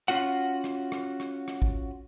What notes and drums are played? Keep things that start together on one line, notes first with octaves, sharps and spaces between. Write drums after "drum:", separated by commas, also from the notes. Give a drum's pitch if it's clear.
C#4 F4 F#4 F#5, drum: rim click
drum: rim click
drum: rim click
drum: rim click
drum: rim click
drum: kick